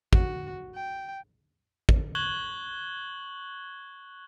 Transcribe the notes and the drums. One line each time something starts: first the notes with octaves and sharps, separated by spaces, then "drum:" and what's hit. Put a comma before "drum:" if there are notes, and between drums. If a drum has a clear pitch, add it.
F#4, drum: kick
G5
drum: kick
C#6 F#6 G#6 F#7 G7